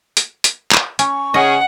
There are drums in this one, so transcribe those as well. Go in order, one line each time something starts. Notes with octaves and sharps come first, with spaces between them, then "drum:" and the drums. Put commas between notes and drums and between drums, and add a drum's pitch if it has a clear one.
drum: hi-hat
drum: hi-hat
drum: clap
C#4 C#6, drum: hi-hat
C#3 C#4 G#4 D#5 F#5